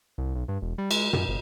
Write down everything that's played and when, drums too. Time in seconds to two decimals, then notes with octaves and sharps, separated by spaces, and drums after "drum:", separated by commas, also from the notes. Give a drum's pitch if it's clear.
0.18 C2
0.35 B1
0.48 G2
0.62 E1
0.78 G3
0.91 G#3, drum: cymbal
1.13 F#2, drum: tom
1.28 G1